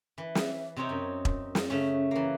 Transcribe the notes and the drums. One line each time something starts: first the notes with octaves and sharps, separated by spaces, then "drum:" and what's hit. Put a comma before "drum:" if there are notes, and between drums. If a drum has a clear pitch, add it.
E3
drum: snare
C3 C4 D#4 C#5 G5
F#2
drum: kick E1
drum: snare
C#3 A3 C#4
E3 A#3